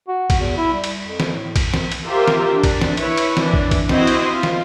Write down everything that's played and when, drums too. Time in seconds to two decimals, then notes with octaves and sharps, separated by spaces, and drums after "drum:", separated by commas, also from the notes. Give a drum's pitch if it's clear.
0.08 F#4
0.30 drum: kick, cymbal
0.41 E2
0.57 E4
0.73 G3
0.84 drum: cymbal
1.06 F2
1.20 drum: snare
1.33 A2
1.56 drum: kick, cymbal
1.74 drum: snare
1.92 drum: cymbal
2.05 F4 G4 A#4 C5 E5
2.28 drum: snare
2.52 D4
2.63 drum: kick, cymbal
2.81 drum: snare
2.97 E4 B4 C#5, drum: cymbal
3.17 drum: cymbal
3.37 E3 D4, drum: snare
3.53 drum: kick
3.71 drum: kick, cymbal
3.89 C4 E4 F#4 C5 D#5, drum: snare
4.07 drum: cymbal
4.33 F4
4.43 drum: snare